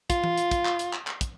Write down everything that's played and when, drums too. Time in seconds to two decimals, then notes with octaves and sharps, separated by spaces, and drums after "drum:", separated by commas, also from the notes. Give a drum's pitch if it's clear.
0.10 F4, drum: kick, hi-hat
0.24 drum: tom E3
0.38 drum: hi-hat
0.51 drum: kick, hi-hat
0.65 drum: clap
0.79 drum: hi-hat
0.93 drum: clap
1.07 drum: clap
1.21 drum: kick, hi-hat